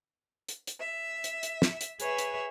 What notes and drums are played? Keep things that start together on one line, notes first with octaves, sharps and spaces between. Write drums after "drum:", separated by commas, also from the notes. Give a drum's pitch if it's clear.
drum: hi-hat
drum: hi-hat
E5
drum: hi-hat
drum: hi-hat
drum: snare
drum: hi-hat
G#4 B4 C#5 E5, drum: hi-hat
drum: hi-hat